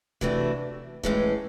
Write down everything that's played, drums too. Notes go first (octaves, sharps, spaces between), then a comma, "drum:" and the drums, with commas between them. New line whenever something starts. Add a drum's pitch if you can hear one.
C3 E3 A3 D4 F#4, drum: kick
A2 E3 G#3 C#4, drum: kick